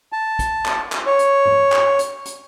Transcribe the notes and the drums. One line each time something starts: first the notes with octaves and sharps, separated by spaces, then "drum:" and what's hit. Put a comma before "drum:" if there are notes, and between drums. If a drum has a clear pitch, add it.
A5
drum: kick, hi-hat
drum: clap
drum: clap
C#5
drum: hi-hat
drum: tom G#2
drum: clap
drum: hi-hat
drum: hi-hat